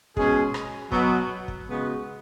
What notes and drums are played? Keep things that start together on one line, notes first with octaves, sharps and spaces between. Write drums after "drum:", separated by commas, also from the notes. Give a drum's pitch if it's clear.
B2 G#3 C#4 G#4, drum: kick
drum: rim click
B2 F#3 B3, drum: kick
drum: kick
C#3 G#3 B3 F#4